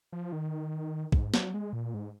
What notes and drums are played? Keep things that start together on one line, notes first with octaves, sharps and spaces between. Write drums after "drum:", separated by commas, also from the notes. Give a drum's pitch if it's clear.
F3
D#3
G#2, drum: kick
F#3, drum: snare
G#3
A#2
G#2